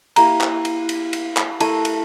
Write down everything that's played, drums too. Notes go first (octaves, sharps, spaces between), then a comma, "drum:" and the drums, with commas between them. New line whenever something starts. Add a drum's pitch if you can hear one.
A#3 E4 G4 A#4 A#5, drum: cymbal
drum: clap
drum: cymbal
drum: cymbal
drum: cymbal
drum: clap
A3 E4 A#4 E5 A5, drum: cymbal
drum: cymbal